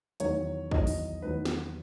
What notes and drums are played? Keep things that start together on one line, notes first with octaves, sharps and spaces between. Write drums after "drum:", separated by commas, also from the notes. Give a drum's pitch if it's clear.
E2 D#3 F#3 C#5, drum: hi-hat
E2 D#3 F#3 D#5, drum: kick
drum: open hi-hat
E2 D#3 F#3 B4
drum: snare